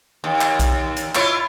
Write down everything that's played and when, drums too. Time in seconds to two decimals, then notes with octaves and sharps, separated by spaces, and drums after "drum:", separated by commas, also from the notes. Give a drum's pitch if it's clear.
0.24 D#2
0.41 drum: clap
0.60 drum: kick B1, hi-hat
0.97 drum: hi-hat
1.15 E4 F4 C#5, drum: clap